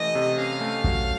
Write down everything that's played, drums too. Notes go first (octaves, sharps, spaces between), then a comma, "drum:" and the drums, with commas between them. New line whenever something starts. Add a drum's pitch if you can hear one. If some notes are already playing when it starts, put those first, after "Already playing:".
Already playing: C3 E3 A3 C#4 D#5
C3
C#4 F5
A3
F#3, drum: kick A#1